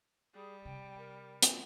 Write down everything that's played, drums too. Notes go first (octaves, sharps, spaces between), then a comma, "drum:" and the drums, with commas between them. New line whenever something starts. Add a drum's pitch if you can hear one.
G3 G#4
C3 G5
A#4
drum: hi-hat